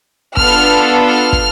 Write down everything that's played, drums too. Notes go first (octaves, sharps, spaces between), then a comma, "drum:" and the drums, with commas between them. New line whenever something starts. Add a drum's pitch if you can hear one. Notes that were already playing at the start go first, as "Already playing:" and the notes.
B3 D4 F4 A4 F6, drum: kick
F6
drum: kick